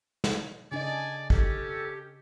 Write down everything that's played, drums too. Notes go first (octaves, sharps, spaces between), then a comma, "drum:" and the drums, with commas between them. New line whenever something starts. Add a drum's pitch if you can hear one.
drum: snare
C#3 D4 D5 D#5 G#5
C#4 G4 A4, drum: kick